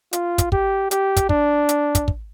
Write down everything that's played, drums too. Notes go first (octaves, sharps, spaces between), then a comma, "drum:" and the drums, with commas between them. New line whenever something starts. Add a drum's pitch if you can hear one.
F4, drum: hi-hat
drum: kick, hi-hat
G4, drum: kick
G4, drum: hi-hat
drum: kick, hi-hat
D4, drum: kick
drum: hi-hat
drum: kick, hi-hat
drum: kick